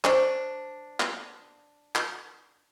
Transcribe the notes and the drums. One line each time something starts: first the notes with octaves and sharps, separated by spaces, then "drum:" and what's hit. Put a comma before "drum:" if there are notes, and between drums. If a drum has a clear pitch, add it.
D4 C5 C#6, drum: clap
drum: clap
drum: clap